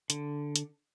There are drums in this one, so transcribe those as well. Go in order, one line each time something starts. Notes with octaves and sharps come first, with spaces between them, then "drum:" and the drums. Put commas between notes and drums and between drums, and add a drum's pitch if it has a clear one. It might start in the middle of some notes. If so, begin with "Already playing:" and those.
D3, drum: hi-hat
drum: hi-hat